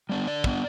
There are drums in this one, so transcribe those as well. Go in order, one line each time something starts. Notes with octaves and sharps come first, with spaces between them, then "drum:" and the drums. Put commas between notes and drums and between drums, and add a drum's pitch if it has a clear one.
G3 B3 D4
D3 D5
G3 B3 D4, drum: kick